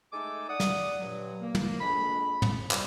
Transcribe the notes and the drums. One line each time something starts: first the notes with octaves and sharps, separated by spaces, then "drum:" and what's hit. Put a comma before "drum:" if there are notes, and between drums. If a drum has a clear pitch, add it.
G#3 A3 D#4 A4 G#5 D6
D5 F#5 D#6
drum: snare
G2 A#2 F#3
A#3
drum: tom
F2 G#3 D4 B5
drum: tom
C3 G3, drum: clap